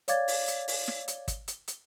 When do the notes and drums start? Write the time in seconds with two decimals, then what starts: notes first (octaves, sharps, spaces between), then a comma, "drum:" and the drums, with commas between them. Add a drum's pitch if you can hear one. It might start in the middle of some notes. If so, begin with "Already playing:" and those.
0.08 C#5 D5 F5 D6 G#6 A6, drum: hi-hat
0.28 drum: open hi-hat
0.48 drum: hi-hat
0.68 drum: open hi-hat
0.88 drum: snare
1.08 drum: hi-hat
1.28 drum: kick, hi-hat
1.48 drum: hi-hat
1.68 drum: hi-hat